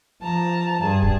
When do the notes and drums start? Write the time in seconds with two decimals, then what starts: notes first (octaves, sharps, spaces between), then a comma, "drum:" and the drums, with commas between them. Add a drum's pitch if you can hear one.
0.22 F3 A5 A#5
0.81 G2 G#4 A5
1.03 drum: kick